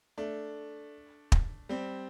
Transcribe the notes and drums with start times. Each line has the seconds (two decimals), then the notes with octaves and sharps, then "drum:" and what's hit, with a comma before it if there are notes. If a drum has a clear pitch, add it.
0.18 A3 D4
1.32 drum: kick
1.69 G3 C4